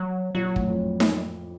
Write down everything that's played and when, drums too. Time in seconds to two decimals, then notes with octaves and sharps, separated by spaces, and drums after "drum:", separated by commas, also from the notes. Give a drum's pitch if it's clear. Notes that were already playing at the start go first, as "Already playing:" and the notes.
Already playing: F#3
0.35 A#2 F#3
0.45 A#2
0.56 A2, drum: kick
0.67 F2
1.00 drum: snare D#4